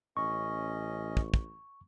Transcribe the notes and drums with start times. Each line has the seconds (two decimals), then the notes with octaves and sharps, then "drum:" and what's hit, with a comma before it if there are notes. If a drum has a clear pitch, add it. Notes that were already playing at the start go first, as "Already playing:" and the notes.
0.17 A1 C#4 D#5 C#6
1.17 drum: kick
1.34 drum: kick